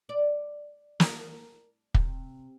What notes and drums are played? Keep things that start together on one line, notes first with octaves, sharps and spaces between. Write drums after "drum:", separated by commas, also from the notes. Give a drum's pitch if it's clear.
D5
A#4, drum: snare
C3, drum: kick